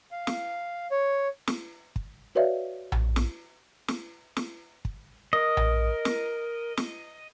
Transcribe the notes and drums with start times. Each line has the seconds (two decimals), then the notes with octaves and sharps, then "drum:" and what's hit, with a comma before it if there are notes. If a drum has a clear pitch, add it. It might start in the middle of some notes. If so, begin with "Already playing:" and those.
0.11 F5
0.27 drum: snare
0.91 C#5
1.47 drum: snare
1.96 drum: kick
2.35 F#4 B4 C#5 D5 E5 F5
2.92 drum: tom A#1
3.16 drum: snare
3.88 drum: snare
4.37 drum: snare
4.85 drum: kick
5.33 A#4 D#5
5.57 drum: tom A#1
6.05 drum: snare
6.77 drum: snare